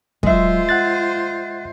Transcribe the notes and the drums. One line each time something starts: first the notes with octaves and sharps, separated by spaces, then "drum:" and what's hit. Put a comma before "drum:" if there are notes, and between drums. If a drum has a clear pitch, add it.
F#3 G#3 F4 C5 E5, drum: kick
F#5 F#6 A6